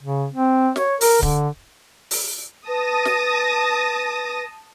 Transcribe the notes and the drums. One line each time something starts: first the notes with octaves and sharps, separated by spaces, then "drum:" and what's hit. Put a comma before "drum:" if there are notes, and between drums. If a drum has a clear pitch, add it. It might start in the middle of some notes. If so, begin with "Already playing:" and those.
C#3
C4
C#5, drum: snare
A#4, drum: open hi-hat
D3, drum: kick D1
drum: open hi-hat
B4 A5 D#6 A#6
drum: snare